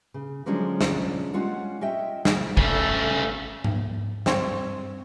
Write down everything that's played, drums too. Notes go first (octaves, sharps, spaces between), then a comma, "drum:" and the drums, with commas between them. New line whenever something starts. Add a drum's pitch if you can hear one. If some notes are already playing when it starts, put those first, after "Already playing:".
C#3
D3 F3 F#3 G#3 C#4 D4
drum: snare
G3 G#3 C#4 F4 F#5
C#4 D#5 E5 G5
drum: snare
C#3 A3, drum: kick
drum: tom G#2
G2 C4 C6 C#6 G#6, drum: snare